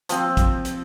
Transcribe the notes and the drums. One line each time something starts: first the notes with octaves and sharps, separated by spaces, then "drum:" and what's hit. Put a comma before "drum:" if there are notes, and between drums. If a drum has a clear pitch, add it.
F3 C4, drum: hi-hat
drum: kick, hi-hat
drum: hi-hat